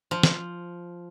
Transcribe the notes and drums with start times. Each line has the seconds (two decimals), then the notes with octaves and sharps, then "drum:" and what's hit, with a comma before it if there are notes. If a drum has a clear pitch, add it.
0.11 F3
0.23 drum: snare